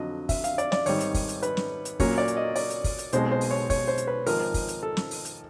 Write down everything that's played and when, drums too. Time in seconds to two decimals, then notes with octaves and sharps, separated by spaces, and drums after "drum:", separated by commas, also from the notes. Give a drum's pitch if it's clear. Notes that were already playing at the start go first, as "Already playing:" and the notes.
Already playing: F2 D3 F#3 D#5
0.29 E5, drum: kick, open hi-hat
0.44 F5, drum: hi-hat
0.58 D5, drum: hi-hat
0.72 D5, drum: snare
0.86 G#1 G#2 D#3 G3 C#5, drum: open hi-hat
1.00 drum: hi-hat
1.14 drum: kick, open hi-hat
1.29 drum: hi-hat
1.43 B4, drum: hi-hat
1.57 drum: snare
1.85 drum: hi-hat
2.00 A#2 F#3 A#3 C#4 C#5, drum: kick, open hi-hat
2.18 D5
2.28 drum: hi-hat
2.37 D#5
2.55 D5, drum: open hi-hat
2.70 drum: hi-hat
2.84 drum: kick, open hi-hat
2.98 drum: hi-hat
3.12 B1 B2 G#3 C4 C5, drum: hi-hat
3.31 C5
3.41 drum: open hi-hat
3.51 C#5
3.70 C#5, drum: kick, open hi-hat
3.88 C5
3.98 drum: hi-hat
4.07 B4
4.26 G#1 G#2 F3 A#4, drum: open hi-hat
4.54 drum: kick, open hi-hat
4.68 drum: hi-hat
4.83 A4
4.97 drum: snare
5.11 drum: open hi-hat
5.25 drum: hi-hat